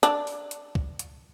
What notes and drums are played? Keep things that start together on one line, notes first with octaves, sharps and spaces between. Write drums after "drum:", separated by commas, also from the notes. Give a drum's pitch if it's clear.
D4, drum: hi-hat
drum: open hi-hat
drum: hi-hat
drum: kick
drum: hi-hat